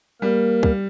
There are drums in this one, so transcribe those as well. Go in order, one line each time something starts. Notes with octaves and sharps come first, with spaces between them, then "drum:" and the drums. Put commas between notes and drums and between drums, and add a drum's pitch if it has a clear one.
G3 A#3 A#4
G3, drum: kick